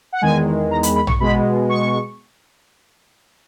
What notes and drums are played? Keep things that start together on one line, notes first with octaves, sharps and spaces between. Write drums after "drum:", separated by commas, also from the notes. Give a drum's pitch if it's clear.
F#5
E2 D#3 G#3 G#5
A#5
B5, drum: hi-hat
B5
C#6, drum: tom A#1
B2 G#3 B3 B5
C#6